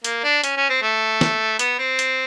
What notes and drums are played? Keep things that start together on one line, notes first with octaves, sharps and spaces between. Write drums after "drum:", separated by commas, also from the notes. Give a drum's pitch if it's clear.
A#3, drum: hi-hat
D4
C#4, drum: hi-hat
C#4
C4
A3
drum: snare
B3, drum: hi-hat
C4
drum: hi-hat